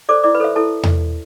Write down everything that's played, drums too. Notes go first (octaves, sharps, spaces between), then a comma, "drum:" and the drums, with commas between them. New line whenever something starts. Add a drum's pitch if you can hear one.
A4 C5 D5 D6
E4 D5 D6
B4 B5
A4 C5 E5
E4 A4 A5
drum: tom E2